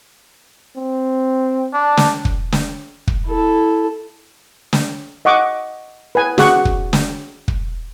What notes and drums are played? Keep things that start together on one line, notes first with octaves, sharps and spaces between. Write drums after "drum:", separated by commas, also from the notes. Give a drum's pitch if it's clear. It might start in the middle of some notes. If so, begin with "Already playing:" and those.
C4
D4
drum: snare
drum: kick
drum: snare
drum: kick
E4 A4
drum: snare
D#5 F#5 C#6 D6
B4 G#5
F#4 G#4 F#5 C#6 D6, drum: snare
drum: kick
drum: snare
drum: kick